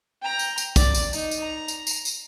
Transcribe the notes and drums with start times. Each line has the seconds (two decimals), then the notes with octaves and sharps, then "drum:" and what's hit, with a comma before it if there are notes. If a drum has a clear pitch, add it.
0.22 G5 A#5
0.39 drum: tambourine
0.58 drum: tambourine
0.76 D5, drum: kick, tambourine
0.94 drum: tambourine
1.13 D#4, drum: tambourine
1.31 drum: tambourine
1.43 A#5
1.68 drum: tambourine
1.87 drum: tambourine
2.05 drum: tambourine